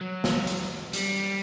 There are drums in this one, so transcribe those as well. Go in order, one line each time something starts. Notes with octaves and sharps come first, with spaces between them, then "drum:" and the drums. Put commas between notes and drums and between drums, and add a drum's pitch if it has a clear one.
F#3
drum: snare
drum: hi-hat
G3, drum: hi-hat